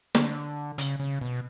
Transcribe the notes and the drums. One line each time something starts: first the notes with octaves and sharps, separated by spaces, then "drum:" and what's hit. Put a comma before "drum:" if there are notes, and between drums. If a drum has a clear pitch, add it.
D3, drum: snare
C#3, drum: hi-hat
C#3
B2